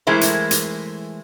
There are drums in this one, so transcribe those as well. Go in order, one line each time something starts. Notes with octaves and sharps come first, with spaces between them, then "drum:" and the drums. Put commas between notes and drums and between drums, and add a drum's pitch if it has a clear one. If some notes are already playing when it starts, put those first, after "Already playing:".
E3 G#3 A3 E4 A#4 C5
drum: hi-hat
drum: hi-hat